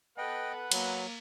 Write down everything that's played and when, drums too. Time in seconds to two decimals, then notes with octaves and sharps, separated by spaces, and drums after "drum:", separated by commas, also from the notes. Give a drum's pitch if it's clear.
0.18 A4 B4 D#5 F#5 G5
0.72 F#3 A#3, drum: cymbal